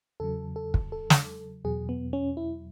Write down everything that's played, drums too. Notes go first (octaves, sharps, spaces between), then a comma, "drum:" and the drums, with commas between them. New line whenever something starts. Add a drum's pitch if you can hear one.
E2 C#3 F#3 A4
A4
drum: kick
A4
drum: snare
E2 B2 F#3 G#4
B3
C#4
E4